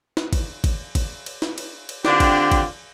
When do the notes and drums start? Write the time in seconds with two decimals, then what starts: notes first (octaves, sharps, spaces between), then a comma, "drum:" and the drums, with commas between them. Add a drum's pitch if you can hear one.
0.17 drum: snare
0.33 drum: kick, cymbal
0.64 drum: kick, cymbal
0.95 drum: kick, cymbal
1.26 drum: cymbal
1.42 drum: snare
1.58 drum: cymbal
1.89 drum: cymbal
2.05 D3 C4 D4 F4 G4, drum: snare
2.20 drum: kick, cymbal
2.52 drum: kick, cymbal